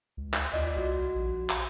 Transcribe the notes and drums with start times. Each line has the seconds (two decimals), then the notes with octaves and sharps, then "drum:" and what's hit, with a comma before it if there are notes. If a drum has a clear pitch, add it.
0.17 C#2
0.34 drum: clap
0.53 D#2 F4 D5 D#5
0.76 C2 F#4
1.16 A#1
1.50 drum: clap